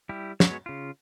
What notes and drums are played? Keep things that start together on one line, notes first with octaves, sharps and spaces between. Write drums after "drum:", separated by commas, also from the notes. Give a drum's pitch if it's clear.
G3 E4 G4
F#3 G#3 B3 C#5, drum: snare
C#3 F4